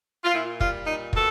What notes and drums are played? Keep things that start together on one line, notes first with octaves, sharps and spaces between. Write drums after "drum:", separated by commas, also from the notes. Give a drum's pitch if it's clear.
F4
A#2 E4
G3 F4, drum: kick
A#2 D#4
B2 A4, drum: kick